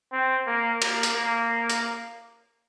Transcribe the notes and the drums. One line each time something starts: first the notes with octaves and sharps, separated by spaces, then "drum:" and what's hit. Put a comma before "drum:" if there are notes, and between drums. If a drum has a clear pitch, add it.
C4
A#3
A#3, drum: cymbal
drum: hi-hat
A#3
drum: hi-hat